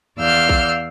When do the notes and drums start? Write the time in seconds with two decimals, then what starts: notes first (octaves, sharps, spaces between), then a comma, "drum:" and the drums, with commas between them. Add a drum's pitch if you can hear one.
0.18 E2 D5 F5 E6 F6 G6
0.49 drum: kick A#1